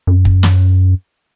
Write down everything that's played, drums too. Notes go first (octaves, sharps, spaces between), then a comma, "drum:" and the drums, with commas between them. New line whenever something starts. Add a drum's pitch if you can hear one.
F#2
drum: kick
drum: snare